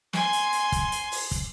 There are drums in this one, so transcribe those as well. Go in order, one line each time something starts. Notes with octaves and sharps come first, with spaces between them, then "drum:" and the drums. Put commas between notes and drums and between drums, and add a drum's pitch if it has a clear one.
G#5 C6, drum: snare
drum: hi-hat
drum: hi-hat
drum: kick, hi-hat
drum: hi-hat
drum: open hi-hat
drum: kick, hi-hat